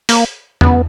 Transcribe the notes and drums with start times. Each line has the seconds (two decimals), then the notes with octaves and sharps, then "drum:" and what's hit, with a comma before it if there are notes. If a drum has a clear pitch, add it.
0.09 A#3, drum: open hi-hat
0.61 B3, drum: tom E2